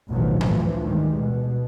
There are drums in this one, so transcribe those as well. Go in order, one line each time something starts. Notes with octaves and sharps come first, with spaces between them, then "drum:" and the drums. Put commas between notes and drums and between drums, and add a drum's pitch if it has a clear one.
A1 D2 B2 D#3 F3 F#3
D2 A2 E3 F3, drum: tom G#2
D#3 E3 G3 G#3
B2